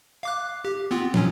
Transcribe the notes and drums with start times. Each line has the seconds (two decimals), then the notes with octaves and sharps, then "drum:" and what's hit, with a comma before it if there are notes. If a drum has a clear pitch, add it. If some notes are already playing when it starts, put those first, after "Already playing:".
0.23 F5 D6 F#6
0.65 G4
0.91 B3 C4 F4
1.14 A2 F#3 C#4, drum: tom